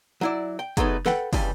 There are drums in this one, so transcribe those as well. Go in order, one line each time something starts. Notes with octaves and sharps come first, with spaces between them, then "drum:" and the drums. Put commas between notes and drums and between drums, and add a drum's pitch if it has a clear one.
F#3 E4 D5
G5
F#3 G#3 A3 B3 D#4, drum: kick, hi-hat
A4 B4 F#5 G5, drum: snare
C#2 G2 C#3 E3 G3 G#5, drum: kick, open hi-hat